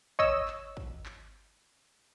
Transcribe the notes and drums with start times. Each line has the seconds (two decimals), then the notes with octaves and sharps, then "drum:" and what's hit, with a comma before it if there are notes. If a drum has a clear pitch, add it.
0.19 C#5 D#5 E6, drum: kick
0.48 drum: clap
0.77 drum: kick
1.06 drum: clap